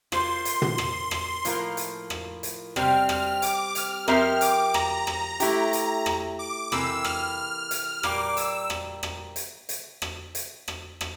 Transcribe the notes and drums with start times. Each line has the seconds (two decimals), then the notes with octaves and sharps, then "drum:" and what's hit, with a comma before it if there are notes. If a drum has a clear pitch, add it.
0.12 A#3 F4 C5 C6, drum: rim click
0.45 C6, drum: hi-hat
0.62 drum: tom
0.78 drum: rim click
1.11 drum: rim click
1.45 A2 F3 A#3 F4 A#4, drum: hi-hat
1.77 drum: hi-hat
2.10 drum: rim click
2.43 drum: hi-hat
2.76 C3 G3 C4 F6, drum: rim click
3.09 F6, drum: rim click
3.42 D6, drum: hi-hat
3.75 F6, drum: hi-hat
4.08 F3 C4 G4 A#4 E5 F6, drum: rim click
4.41 D6, drum: hi-hat
4.74 A#5, drum: rim click
5.07 drum: rim click
5.40 A3 E4 G4, drum: hi-hat
5.73 drum: hi-hat
6.06 drum: rim click
6.39 D6
6.72 C3 E3 A#3 E6, drum: rim click
7.04 F6, drum: rim click
7.71 drum: hi-hat
8.03 A#2 G3 A#3 D6, drum: rim click
8.37 E6, drum: hi-hat
8.70 drum: rim click
9.03 drum: rim click
9.36 drum: hi-hat
9.69 drum: hi-hat
10.02 drum: rim click
10.35 drum: hi-hat
10.68 drum: rim click
11.01 drum: rim click